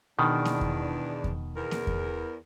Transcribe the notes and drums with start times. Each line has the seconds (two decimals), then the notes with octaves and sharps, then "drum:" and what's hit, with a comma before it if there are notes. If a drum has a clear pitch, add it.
0.19 E2 B2 D#3 D4
0.45 drum: snare A#3
0.61 drum: kick E2
1.24 drum: kick E2
1.56 E2 A#4
1.71 drum: snare A#3
1.87 drum: kick E2